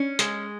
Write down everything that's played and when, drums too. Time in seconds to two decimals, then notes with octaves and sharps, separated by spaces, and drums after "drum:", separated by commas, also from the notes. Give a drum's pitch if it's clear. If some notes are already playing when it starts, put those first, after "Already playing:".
Already playing: C#4
0.19 G#3, drum: hi-hat